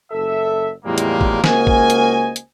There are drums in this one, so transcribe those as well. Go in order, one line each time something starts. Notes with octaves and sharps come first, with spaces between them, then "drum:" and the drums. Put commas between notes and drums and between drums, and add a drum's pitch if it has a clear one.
F#1 A4 E5
E2 A2 F3 G3 G#3 A#3
drum: hi-hat
drum: kick
C#2 A#3 F#4 C5 D#5 G#5, drum: snare
drum: kick
drum: hi-hat
drum: hi-hat